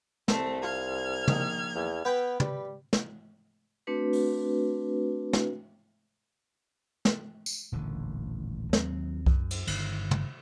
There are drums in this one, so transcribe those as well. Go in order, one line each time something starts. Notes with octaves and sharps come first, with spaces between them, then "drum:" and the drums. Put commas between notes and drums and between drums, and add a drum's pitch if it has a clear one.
C2 A3 C4, drum: snare
F4 F6 G#6
A#1 D#3, drum: tom
E2
B3 B4 G5 B5
G3, drum: tom
drum: snare
A3 C4 D4 F#4 B4
drum: open hi-hat
drum: snare
drum: snare
drum: tambourine
D#1 A1 D3 D#3
D#2 F#3 C4, drum: snare
F#2, drum: kick C2
drum: cymbal
G1 D#3, drum: cymbal
drum: tom